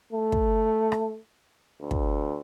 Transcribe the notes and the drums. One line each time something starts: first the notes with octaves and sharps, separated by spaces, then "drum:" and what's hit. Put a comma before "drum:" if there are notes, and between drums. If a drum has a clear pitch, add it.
A3
drum: kick
drum: rim click
D2
drum: kick